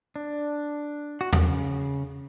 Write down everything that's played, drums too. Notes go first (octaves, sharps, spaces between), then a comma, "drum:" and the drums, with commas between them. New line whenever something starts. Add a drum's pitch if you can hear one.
D4
F#4
C#3, drum: tom E2